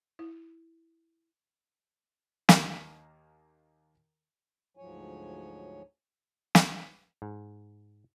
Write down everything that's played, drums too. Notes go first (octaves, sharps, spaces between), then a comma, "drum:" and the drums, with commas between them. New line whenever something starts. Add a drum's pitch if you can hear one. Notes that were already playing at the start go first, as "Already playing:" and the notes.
E4
D#2 D#3 A#3, drum: snare
D2 G#2 F3 F#3 C#5 G#5
drum: snare
G#2